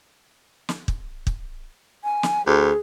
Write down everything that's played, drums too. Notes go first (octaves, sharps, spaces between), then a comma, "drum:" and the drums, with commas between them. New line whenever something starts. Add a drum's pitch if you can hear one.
drum: snare
drum: kick
drum: kick
G#5
drum: snare
D2 G#4